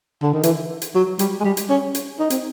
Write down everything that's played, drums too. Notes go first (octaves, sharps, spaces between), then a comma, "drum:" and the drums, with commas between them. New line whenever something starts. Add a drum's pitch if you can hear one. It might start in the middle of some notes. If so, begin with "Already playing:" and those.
D3
D#3
E3, drum: hi-hat
drum: hi-hat
F#3
G3, drum: hi-hat
G#3
G3
drum: hi-hat
C#4
drum: hi-hat
D#4
C4, drum: hi-hat